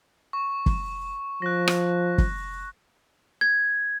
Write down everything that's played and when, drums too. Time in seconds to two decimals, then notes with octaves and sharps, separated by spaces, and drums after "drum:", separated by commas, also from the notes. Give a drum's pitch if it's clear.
0.33 C#6
0.66 drum: kick F#1
1.42 F3 F#6 A#6
1.68 drum: rim click
2.18 drum: kick F#1
3.41 G#6